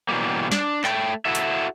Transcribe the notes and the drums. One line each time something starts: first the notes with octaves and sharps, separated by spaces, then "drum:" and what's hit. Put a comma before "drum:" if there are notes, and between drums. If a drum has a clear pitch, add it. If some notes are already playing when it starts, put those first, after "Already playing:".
B2 E3 F#3 G3 A#3
D4, drum: snare
A3 G5, drum: clap
E4 F#4 A4 E5
drum: hi-hat